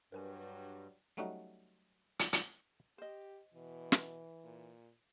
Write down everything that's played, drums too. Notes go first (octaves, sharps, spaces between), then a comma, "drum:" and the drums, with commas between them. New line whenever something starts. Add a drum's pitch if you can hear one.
G2 F#3 G3 D4 A#4 B4 G#5
F#3 G3 A3 C#4 D#4 F#4
drum: hi-hat
drum: hi-hat
G4 C5 D#5
B2 E3
drum: snare
A#2